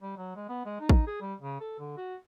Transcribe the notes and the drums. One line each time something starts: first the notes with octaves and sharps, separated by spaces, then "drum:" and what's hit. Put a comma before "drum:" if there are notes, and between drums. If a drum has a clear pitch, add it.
G3
F#3
G#3
B3
G#3
D#4
drum: kick
G#4
G3
C#3
A4
D3
F#4